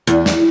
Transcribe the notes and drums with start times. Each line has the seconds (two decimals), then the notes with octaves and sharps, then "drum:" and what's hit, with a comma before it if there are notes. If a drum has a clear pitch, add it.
0.07 E2, drum: hi-hat
0.26 drum: snare